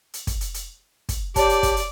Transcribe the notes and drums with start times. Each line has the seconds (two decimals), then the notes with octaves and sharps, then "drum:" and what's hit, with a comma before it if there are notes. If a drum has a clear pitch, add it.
0.14 drum: hi-hat
0.27 drum: kick, hi-hat
0.41 drum: hi-hat
0.54 drum: hi-hat
1.09 drum: kick, hi-hat
1.36 G4 C#5 D5 A5, drum: kick, hi-hat
1.49 drum: hi-hat
1.63 drum: kick, hi-hat
1.77 drum: hi-hat